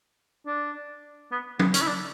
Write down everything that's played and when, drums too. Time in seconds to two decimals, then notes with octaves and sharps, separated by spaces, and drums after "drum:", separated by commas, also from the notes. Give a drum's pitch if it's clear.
0.47 D4
1.32 B3
1.59 B3, drum: tom
1.74 C#4, drum: hi-hat
1.82 E4
1.88 D4